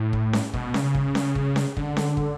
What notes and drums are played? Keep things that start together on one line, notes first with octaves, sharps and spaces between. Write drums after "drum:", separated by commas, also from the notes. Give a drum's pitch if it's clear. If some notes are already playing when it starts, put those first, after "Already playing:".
Already playing: A2
drum: kick
drum: snare C#4
B2, drum: kick
C#3, drum: snare C#4
drum: kick
drum: snare C#4
drum: kick
drum: snare C#4
D3, drum: kick
drum: snare C#4
drum: kick